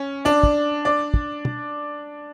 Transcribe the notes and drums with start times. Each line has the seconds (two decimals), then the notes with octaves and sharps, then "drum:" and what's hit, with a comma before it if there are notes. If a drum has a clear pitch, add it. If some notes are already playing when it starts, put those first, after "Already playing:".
Already playing: C#4
0.25 D4 D5
0.43 drum: kick
0.85 D4 D5
1.14 drum: kick
1.45 drum: tom